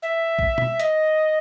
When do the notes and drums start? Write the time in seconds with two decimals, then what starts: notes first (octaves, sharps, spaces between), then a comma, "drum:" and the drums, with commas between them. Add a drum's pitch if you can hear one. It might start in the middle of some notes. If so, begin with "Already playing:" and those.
0.02 E5
0.39 drum: kick
0.58 drum: tom
0.80 D#5, drum: hi-hat